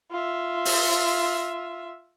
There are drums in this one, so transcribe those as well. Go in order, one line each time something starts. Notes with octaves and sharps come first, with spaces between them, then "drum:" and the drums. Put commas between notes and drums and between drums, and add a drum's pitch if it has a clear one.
F4 E5
drum: open hi-hat